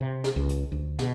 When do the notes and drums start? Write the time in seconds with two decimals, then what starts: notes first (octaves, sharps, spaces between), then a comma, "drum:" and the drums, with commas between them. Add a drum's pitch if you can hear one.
0.01 C3
0.24 drum: snare
0.36 C#2
0.49 drum: hi-hat
0.72 D2
0.99 B2, drum: snare